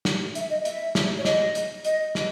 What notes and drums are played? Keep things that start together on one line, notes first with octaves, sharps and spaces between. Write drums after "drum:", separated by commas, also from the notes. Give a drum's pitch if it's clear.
drum: snare
E5, drum: hi-hat
D#5
E5, drum: hi-hat
drum: snare
C#5
D#5, drum: snare
drum: hi-hat
D#5, drum: hi-hat
drum: snare